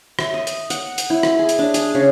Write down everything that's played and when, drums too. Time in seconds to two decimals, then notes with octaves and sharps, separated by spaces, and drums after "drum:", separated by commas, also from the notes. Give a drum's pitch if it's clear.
0.19 E5, drum: rim click
0.34 D#5
0.47 drum: hi-hat
0.70 F#5, drum: hi-hat
0.98 drum: hi-hat
1.10 E4
1.23 drum: rim click
1.39 G#4
1.49 drum: hi-hat
1.59 D4
1.74 G#4, drum: hi-hat
1.95 C#3